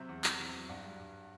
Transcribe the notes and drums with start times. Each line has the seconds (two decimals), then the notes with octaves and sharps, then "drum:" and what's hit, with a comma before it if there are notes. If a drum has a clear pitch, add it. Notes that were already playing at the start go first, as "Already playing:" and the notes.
Already playing: C3 F#3 C5 E5
0.09 E2
0.24 E2, drum: clap
0.39 C3
0.54 F#3
0.69 G2 D5 F#5
0.84 G3
0.99 G2